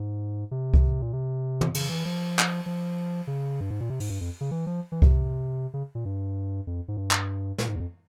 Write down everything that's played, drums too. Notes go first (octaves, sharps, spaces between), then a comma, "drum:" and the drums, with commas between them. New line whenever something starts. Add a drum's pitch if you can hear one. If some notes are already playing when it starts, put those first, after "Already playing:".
Already playing: G#2
C3
drum: kick C2
A#2
C3
drum: tom
C#3, drum: cymbal
E3
F3
drum: clap
F3
C#3
G2
G#2
A#2
C3
G#2, drum: open hi-hat
G2
F2
C#3
E3
F3
E3
C3, drum: kick C2
C#3
A#2
G2
F2
G#2
G2
drum: clap
A#2, drum: snare
G#2
E2
F2